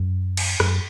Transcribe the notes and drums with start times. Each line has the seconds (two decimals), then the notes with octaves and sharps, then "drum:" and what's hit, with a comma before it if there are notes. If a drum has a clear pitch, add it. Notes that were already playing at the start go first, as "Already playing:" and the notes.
Already playing: F#2
0.37 drum: cymbal
0.60 F#2, drum: rim click